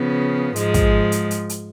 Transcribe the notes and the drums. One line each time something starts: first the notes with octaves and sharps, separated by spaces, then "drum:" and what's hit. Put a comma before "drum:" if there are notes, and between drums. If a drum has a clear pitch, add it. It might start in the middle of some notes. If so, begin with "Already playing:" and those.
Already playing: C#3 F3 B3
G#2 F3 G#3, drum: hi-hat
drum: kick, hi-hat
drum: hi-hat
drum: hi-hat
drum: hi-hat